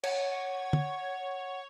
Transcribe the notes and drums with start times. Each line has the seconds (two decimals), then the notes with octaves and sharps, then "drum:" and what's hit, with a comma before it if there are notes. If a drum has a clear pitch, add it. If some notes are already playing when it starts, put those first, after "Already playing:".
0.04 C#5 F#5, drum: cymbal
0.73 drum: tom